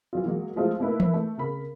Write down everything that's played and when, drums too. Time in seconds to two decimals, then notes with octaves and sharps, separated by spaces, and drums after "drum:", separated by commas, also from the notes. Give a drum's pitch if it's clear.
0.13 E3 F#3 F4
0.26 F#3 G#3 A#3
0.56 F3 G#3 A3 E4 F4
0.80 A3 A#3 D#4 E4 A#4 B4
1.00 drum: tom E3
1.14 A3
1.38 C#3 A#4 B5